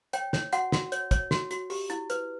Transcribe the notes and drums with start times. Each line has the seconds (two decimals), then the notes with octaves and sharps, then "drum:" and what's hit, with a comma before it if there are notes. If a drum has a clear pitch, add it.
0.13 C#5 G5, drum: hi-hat
0.33 C#5, drum: snare
0.53 F#4 F#5, drum: hi-hat
0.72 F#4, drum: snare
0.92 C#5, drum: hi-hat
1.11 C#5, drum: kick, hi-hat
1.31 F#4, drum: snare
1.51 F#4, drum: hi-hat
1.70 G4, drum: open hi-hat
1.90 E4, drum: hi-hat
2.10 B4, drum: hi-hat